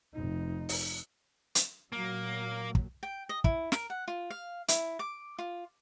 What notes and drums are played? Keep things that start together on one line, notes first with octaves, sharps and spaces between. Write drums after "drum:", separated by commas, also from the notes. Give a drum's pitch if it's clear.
F1 D#4
drum: open hi-hat
drum: hi-hat
A#2 F#3 A#3
drum: kick
G5
D#5
E4, drum: kick
A#4, drum: snare
F#5
F4
F5
E4, drum: hi-hat
D6
F4